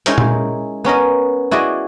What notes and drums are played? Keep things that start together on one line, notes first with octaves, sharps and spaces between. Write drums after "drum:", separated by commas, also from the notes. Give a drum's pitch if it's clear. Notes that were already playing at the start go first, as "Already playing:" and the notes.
G#3 C#4 D#4 E4 A#4 G5, drum: hi-hat
drum: tom A#2
B3 C#4 A#4 D#5
E4 F#4 G#4 D5 D#5